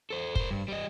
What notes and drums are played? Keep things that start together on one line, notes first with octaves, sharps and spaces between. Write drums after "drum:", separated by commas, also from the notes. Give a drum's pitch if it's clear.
A4 C5
A#4 C5, drum: kick
G2
G3 D#5